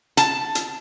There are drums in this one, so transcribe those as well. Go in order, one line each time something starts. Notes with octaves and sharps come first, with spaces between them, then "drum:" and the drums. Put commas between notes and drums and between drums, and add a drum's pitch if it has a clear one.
A5, drum: hi-hat
drum: hi-hat